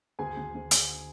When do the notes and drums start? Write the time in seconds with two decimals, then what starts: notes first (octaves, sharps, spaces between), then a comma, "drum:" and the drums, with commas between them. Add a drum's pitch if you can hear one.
0.19 D2 G#4 G#5
0.37 D2
0.54 D2
0.71 D3, drum: hi-hat